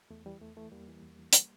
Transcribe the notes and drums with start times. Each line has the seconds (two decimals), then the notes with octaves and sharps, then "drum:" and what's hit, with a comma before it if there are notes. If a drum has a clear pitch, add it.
0.10 E2 A3
0.26 E3 G3
0.41 E2 A3
0.56 E3 A3
0.72 E2 G3 A#3
0.88 E3
1.03 E2
1.19 E3
1.33 drum: hi-hat